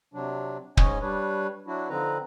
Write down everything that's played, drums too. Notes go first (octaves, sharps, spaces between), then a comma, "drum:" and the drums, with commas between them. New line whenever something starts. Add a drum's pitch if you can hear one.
C3 F#3 D4
G#2 C#4 C#5 D#5 G#5, drum: kick
G3 D4 B4 C#5
F#3 D4 E4 F#4
D3 F3 C4 D#4 B4 A#5